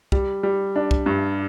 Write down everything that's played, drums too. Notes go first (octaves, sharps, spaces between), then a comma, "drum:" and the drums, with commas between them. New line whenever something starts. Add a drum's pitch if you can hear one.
G3, drum: kick
G3
D4
drum: kick
G2